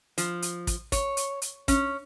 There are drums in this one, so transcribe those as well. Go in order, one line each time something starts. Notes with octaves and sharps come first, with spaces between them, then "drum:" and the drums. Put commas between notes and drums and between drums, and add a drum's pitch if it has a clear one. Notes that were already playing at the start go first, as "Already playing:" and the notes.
F3, drum: hi-hat
drum: hi-hat
drum: kick, hi-hat
C#5, drum: kick, hi-hat
drum: hi-hat
drum: hi-hat
C#4, drum: kick, hi-hat